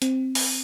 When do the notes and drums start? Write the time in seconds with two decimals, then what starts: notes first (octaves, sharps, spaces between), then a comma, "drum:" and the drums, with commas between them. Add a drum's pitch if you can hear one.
0.02 C4, drum: hi-hat
0.35 drum: open hi-hat